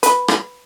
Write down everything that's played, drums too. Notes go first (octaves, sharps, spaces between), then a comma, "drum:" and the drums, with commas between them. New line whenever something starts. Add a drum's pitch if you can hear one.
B4, drum: hi-hat
drum: rim click